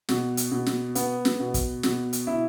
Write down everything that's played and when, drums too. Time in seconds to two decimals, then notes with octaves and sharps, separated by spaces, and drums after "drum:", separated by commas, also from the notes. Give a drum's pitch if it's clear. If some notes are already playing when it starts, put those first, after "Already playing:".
0.09 B2, drum: snare
0.37 drum: hi-hat
0.51 B2
0.66 drum: snare
0.95 B3, drum: hi-hat
1.25 drum: snare
1.40 B2
1.54 drum: kick, hi-hat
1.83 B2, drum: snare
2.13 drum: hi-hat
2.27 E4